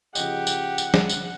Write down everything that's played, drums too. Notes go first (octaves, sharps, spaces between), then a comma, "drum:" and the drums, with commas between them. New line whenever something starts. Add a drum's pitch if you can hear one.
C#3 F3 G4 D#5 F#5, drum: tambourine
drum: tambourine
drum: tambourine
drum: snare
drum: tambourine